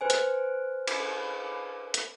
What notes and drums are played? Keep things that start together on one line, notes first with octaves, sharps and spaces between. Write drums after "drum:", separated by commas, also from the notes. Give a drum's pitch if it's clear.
B4 C5 G#5
drum: hi-hat
drum: cymbal
drum: hi-hat